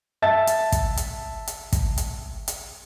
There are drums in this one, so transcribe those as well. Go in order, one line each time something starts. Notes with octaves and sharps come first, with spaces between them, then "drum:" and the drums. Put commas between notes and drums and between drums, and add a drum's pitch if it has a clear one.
E5 A5 A6
drum: hi-hat
drum: kick, hi-hat
drum: hi-hat
drum: hi-hat
drum: kick, hi-hat
drum: hi-hat
drum: hi-hat